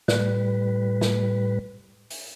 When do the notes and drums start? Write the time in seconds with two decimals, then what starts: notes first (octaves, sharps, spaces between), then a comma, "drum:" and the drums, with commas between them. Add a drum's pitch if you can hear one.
0.08 A2 G3 B4, drum: snare
1.01 drum: snare
2.10 drum: open hi-hat